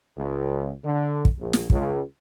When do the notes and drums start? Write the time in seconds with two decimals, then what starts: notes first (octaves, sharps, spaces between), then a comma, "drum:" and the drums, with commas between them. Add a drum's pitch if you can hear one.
0.17 C#2
0.85 D3
1.25 drum: kick
1.39 A#1
1.53 drum: snare
1.70 C#2, drum: kick